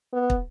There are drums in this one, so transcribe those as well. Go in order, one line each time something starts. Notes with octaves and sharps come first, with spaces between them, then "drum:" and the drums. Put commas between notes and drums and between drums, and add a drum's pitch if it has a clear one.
B3
drum: kick